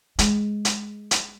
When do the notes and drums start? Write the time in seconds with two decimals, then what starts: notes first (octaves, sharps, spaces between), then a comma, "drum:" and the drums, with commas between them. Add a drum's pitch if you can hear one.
0.19 G#3, drum: hi-hat
0.65 drum: hi-hat
1.11 drum: hi-hat